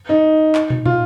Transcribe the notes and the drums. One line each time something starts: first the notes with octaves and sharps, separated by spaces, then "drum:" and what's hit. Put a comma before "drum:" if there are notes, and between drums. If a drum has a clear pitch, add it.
D#4
drum: clap
drum: tom
F4, drum: tom